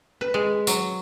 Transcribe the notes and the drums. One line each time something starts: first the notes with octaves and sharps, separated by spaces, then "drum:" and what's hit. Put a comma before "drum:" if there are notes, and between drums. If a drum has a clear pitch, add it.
B4
G#3
F#3, drum: tambourine